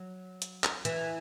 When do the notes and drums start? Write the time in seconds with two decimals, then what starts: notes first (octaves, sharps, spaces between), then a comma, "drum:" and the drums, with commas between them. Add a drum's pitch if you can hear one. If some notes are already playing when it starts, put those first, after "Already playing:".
Already playing: F#3
0.42 drum: hi-hat
0.64 drum: clap
0.85 E3, drum: hi-hat